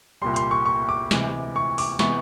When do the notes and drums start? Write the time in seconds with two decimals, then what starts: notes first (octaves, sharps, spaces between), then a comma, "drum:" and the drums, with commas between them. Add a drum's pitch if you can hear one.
0.22 C2 A#2 G3 C6
0.36 C6, drum: hi-hat
0.51 C#6
0.66 C#6
0.89 D6
1.11 D2 C3 E3 G#3, drum: snare
1.56 C#6
1.78 D6, drum: open hi-hat
1.99 C3 E3 G#3 B3 C#6, drum: snare